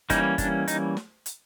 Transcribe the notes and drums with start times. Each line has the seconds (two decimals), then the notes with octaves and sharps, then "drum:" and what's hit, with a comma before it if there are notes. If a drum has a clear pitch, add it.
0.10 E3 G3 A#3 C#4 D#4, drum: kick, hi-hat
0.38 D4, drum: kick, hi-hat
0.68 D#4, drum: hi-hat
0.97 drum: snare
1.26 drum: hi-hat